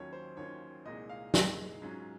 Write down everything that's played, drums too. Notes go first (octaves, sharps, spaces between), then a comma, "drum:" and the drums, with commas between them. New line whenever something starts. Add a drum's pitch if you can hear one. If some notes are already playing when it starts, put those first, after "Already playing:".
Already playing: D#2 D#3 F#3 C#4 F4 C#5
C5
D#2 D#3 F#3 C#4 F4 C#5
C2 A#2 G#3 D#4 D#5
F5
C2 A#2 G#3 D#4, drum: snare
G#2 F#3 C#4 F4